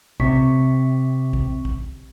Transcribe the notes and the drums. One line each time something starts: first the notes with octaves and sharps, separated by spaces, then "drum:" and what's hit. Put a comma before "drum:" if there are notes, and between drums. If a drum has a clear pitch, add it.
C3 C4 C#6 B6, drum: kick
drum: kick
drum: kick